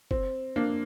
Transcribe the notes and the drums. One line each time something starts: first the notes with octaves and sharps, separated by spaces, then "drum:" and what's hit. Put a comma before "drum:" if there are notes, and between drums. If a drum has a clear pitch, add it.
C4, drum: kick F#1
A#3 D4